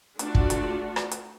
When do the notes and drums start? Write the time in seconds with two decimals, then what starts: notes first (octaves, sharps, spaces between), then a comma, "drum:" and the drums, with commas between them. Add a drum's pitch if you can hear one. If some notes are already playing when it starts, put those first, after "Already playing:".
0.19 A3 D4 F4 F#4, drum: hi-hat
0.35 drum: kick
0.50 drum: hi-hat
0.96 drum: rim click
1.11 drum: hi-hat